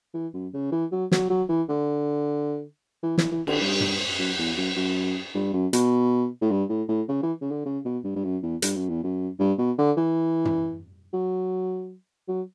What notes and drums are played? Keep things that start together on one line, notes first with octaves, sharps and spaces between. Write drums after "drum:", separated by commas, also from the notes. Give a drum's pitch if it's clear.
E3
F#2
C#3
E3
F#3
F#3, drum: snare
F#3
E3
D3
E3
E3, drum: snare
E3
D3, drum: cymbal
G2
drum: tom
F#2
E2
F#2
F#2
G2
F#2
B2, drum: hi-hat
A2
G2
A2
A2
C#3
E3
C#3
D3
C#3
B2
G2
G2
F#2
E2
G2, drum: hi-hat
F#2
E2
F#2
G2
B2
D3
E3
drum: tom
F#3
F#3